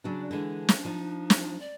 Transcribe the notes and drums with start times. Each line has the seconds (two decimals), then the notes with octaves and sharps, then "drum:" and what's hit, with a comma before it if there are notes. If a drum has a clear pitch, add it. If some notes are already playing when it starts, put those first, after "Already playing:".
0.04 C#3 F#3 D4 D5
0.31 D3 E3 G#3 D4
0.69 drum: snare
0.85 F3 D#4
1.30 drum: snare
1.61 D5